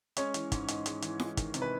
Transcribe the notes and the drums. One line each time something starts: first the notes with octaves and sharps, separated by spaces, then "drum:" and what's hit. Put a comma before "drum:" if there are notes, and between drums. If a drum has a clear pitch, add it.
G#3 C#4 C#5, drum: hi-hat
E3, drum: hi-hat
G#2, drum: kick, hi-hat
G#2, drum: hi-hat
G#3, drum: hi-hat
E3, drum: hi-hat
G#3, drum: snare
D#3, drum: kick, hi-hat
C3, drum: hi-hat
B4